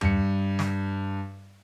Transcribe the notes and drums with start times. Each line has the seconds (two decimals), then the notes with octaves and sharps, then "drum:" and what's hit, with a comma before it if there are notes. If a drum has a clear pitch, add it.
0.01 G2 C#7, drum: tom E2
0.59 drum: snare